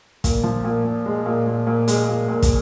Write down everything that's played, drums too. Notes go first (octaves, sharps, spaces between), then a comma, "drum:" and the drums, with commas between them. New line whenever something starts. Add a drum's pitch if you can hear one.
A#2, drum: kick, hi-hat
F3
A#2
A#2
G#3
A#2
A#2
A#2
G#3, drum: hi-hat
A#2
A#2
drum: kick, hi-hat